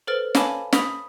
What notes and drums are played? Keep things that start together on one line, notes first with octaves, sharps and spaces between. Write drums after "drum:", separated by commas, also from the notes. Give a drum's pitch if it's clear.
A4 B4 C5 F6 A6 D7
C#5 F5 G#5 A5 B5 D6, drum: snare
B5 D#6 B6 F7, drum: snare